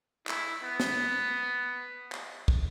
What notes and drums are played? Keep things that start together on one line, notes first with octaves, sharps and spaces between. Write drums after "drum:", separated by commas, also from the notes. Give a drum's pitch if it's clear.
E4, drum: clap
B3
drum: snare
drum: clap
drum: kick